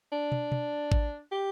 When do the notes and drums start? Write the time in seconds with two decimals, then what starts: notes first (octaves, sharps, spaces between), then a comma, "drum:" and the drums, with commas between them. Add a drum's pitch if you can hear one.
0.12 D4
0.32 drum: tom
0.52 drum: tom
0.92 drum: kick A1
1.32 G4